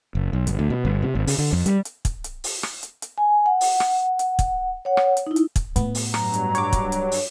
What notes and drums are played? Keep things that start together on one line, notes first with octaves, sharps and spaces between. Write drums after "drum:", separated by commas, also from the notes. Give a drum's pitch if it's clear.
F#1
B1
G1, drum: hi-hat
D2
B2
G1
C3
G#1
C#3, drum: open hi-hat
D3
F2
G3, drum: hi-hat
drum: hi-hat
drum: kick, hi-hat
drum: hi-hat
drum: open hi-hat
drum: rim click
drum: hi-hat
drum: hi-hat
G#5
F#5
drum: open hi-hat
drum: rim click
drum: hi-hat
drum: kick, hi-hat
C#5 F#5
drum: rim click
drum: hi-hat
D#4 E4
drum: hi-hat
drum: kick, hi-hat
A2 B3, drum: hi-hat
drum: open hi-hat
G2 F#3 A#5, drum: rim click
drum: hi-hat
C#5 D6, drum: hi-hat
drum: kick, hi-hat
drum: hi-hat
drum: open hi-hat